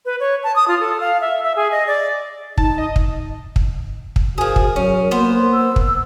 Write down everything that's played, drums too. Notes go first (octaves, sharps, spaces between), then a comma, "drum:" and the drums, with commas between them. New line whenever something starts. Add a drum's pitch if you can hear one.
B4
C#5
A5
D#6
F4
A4
F5
E5
E5
G#4
D#5
D5
D#4 A5, drum: kick
D#5
drum: kick
drum: kick
drum: kick
F3 F#4 G#4 A#4
drum: kick
F#3 C#4
A#3 B3 C5
E6
drum: kick